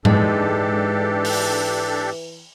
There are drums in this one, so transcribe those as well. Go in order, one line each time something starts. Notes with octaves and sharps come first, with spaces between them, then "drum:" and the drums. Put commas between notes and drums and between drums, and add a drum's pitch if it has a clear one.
G#2 E3 G#3 D4 G4 A4, drum: tom G#2
drum: open hi-hat